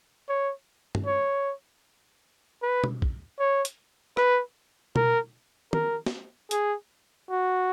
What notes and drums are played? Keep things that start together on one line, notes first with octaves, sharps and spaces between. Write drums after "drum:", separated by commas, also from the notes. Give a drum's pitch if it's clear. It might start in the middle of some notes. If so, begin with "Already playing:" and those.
C#5
drum: tom G2
C#5
B4
drum: tom B2
drum: kick B1
C#5
drum: hi-hat
B4, drum: rim click
A#4, drum: tom B2
A#4, drum: tom
drum: snare
G#4, drum: hi-hat
F#4